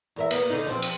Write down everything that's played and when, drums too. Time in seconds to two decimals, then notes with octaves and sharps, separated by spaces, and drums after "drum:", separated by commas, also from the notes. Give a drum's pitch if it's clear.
0.16 E2 A#4 E5
0.31 A#3 B3, drum: cymbal
0.50 D3 D#4
0.67 F3 C4
0.82 drum: cymbal